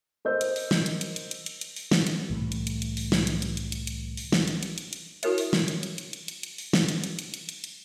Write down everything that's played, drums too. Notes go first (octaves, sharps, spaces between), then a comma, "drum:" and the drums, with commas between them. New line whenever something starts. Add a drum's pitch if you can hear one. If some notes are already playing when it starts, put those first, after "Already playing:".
A#4 C5 D#5 E6 G6
drum: hi-hat
drum: open hi-hat
drum: snare
drum: hi-hat
drum: hi-hat
drum: hi-hat
drum: hi-hat
drum: hi-hat
drum: hi-hat
drum: open hi-hat
drum: snare
drum: hi-hat
C2 A2 E3 A3
drum: hi-hat
drum: hi-hat
drum: hi-hat
drum: open hi-hat
drum: snare
drum: hi-hat
drum: hi-hat
drum: hi-hat
drum: hi-hat
drum: hi-hat
drum: open hi-hat
drum: snare
drum: hi-hat
drum: hi-hat
drum: hi-hat
drum: hi-hat
E4 F#4 A#4 C#5 E5, drum: hi-hat
drum: open hi-hat
drum: snare
drum: hi-hat
drum: hi-hat
drum: hi-hat
drum: hi-hat
drum: hi-hat
drum: hi-hat
drum: open hi-hat
drum: snare
drum: hi-hat
drum: hi-hat
drum: hi-hat
drum: hi-hat
drum: hi-hat
drum: hi-hat